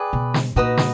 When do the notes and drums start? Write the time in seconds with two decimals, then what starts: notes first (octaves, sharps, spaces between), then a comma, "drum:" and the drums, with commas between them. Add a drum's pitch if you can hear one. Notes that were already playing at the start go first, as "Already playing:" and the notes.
Already playing: G#4 B4 D5 G5
0.13 B2
0.34 drum: snare
0.56 A#2 D#4 F#4 B4 D#5
0.77 drum: snare